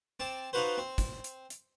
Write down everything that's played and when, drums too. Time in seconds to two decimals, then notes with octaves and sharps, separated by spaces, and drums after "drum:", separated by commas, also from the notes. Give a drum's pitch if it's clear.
0.20 C4 A5 D6
0.53 D#4 F4 F#4 B4 C5
0.78 C4
0.98 drum: kick, hi-hat
1.24 drum: hi-hat
1.50 drum: hi-hat